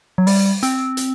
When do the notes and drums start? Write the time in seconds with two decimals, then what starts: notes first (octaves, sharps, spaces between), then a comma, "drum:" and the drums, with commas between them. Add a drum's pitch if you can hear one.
0.18 F#3
0.27 G3, drum: open hi-hat
0.63 C4, drum: hi-hat
0.97 drum: hi-hat